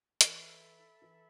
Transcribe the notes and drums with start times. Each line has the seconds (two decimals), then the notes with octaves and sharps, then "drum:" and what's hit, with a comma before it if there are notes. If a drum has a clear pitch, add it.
0.21 E3 A4 E5 B5, drum: hi-hat
1.02 E3